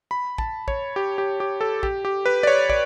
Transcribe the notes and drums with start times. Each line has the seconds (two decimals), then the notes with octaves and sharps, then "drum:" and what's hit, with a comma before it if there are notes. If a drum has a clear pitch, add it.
0.11 B5
0.38 A5, drum: kick
0.68 C#5, drum: kick
0.96 G4
1.18 G4
1.40 G4
1.61 A4
1.83 G4, drum: kick
2.05 G4
2.26 B4
2.43 D5
2.47 C#5
2.70 D5, drum: kick